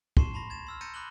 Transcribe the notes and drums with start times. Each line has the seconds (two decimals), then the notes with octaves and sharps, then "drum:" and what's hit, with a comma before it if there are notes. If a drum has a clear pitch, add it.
0.17 A5 C6 C#6 C7 E7, drum: kick
0.34 A5 B5 C6 A#6
0.50 G#6 A6 E7
0.67 C6 E6 F6
0.81 A#5 G6 A6 A#6 C#7 D#7
0.94 B5 D6 F#6 F#7 G7